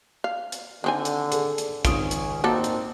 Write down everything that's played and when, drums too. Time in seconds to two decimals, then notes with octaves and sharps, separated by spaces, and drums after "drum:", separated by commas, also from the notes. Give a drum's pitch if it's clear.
0.24 F5
0.52 drum: hi-hat
0.84 D3 D#3 C4 G#5
1.05 drum: hi-hat
1.32 G#4 A4, drum: hi-hat
1.58 drum: hi-hat
1.85 G#1 C#2 C#4 F4 D#6 D7, drum: kick, hi-hat
2.11 drum: hi-hat
2.44 A#2 A#3 C4 D#4 F#4 A4
2.64 drum: hi-hat